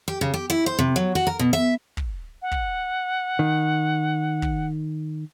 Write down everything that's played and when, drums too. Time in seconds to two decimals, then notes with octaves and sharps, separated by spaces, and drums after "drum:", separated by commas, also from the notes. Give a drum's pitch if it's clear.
0.08 G4
0.21 C#3
0.34 G4
0.50 E4
0.66 C5
0.79 C3
0.96 F#3
1.15 F#4
1.27 A#4
1.39 B2
1.53 E5
1.97 drum: kick
2.42 F#5
2.52 drum: kick
3.39 D#3
4.42 drum: kick